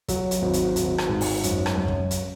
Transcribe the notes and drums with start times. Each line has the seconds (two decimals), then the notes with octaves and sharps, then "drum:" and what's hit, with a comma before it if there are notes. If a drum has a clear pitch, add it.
0.08 F#3, drum: kick, hi-hat
0.31 drum: hi-hat
0.42 G#1
0.53 drum: hi-hat
0.76 G#1, drum: hi-hat
0.98 drum: rim click
1.09 G#2
1.21 drum: open hi-hat
1.43 F#2, drum: hi-hat
1.66 drum: rim click
1.77 F#2
1.88 drum: kick
2.11 drum: hi-hat